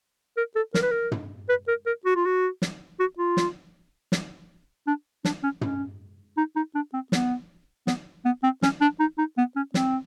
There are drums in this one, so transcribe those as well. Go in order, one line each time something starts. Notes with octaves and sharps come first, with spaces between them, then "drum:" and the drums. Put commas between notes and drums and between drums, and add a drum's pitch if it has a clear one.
A#4
A4
A#4, drum: snare
B4
A#4
drum: tom
B4
A#4
A#4
F#4
F4
F#4
drum: snare
F#4
F4
drum: snare
drum: snare
D4
D4, drum: snare
C#4
C#4, drum: tom
D#4
D#4
D4
C4
B3, drum: snare
B3, drum: snare
B3
C4
C#4, drum: snare
D4
D#4
D#4
B3
C#4
C4, drum: snare